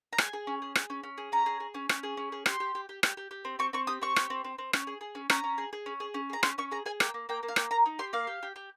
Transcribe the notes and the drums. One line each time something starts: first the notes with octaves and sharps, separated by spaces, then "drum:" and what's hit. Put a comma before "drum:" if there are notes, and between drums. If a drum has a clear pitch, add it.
A#5
G#4 G#5, drum: rim click
G#4
C#4
G#4
G#4, drum: rim click
C#4
C#4
G#4
C#4 A#5
G#4
G#4
C#4
C#4, drum: rim click
G#4
C#4
G#4
G4 C6, drum: rim click
G4
G4
G4
G4, drum: rim click
G4
G4
C4
C4 C#6
C4 C#6
G4 D#6
C4 C#6
G4, drum: rim click
C4
C4
C4
C#4, drum: rim click
G#4
G#4
C#4
C#4 A#5, drum: rim click
C#4
G#4
G#4
C#4
G#4
C#4
G#4 A#5
C#4 C6, drum: rim click
C#4 C#6
G#4 A#5
G#4 G#5
A#3 G5, drum: rim click
A#3
A#3 G5
A#3
F5
A#3 G5, drum: rim click
A#3 A#5
D#4
G4 C6
A#3 F5
G4
G4
G4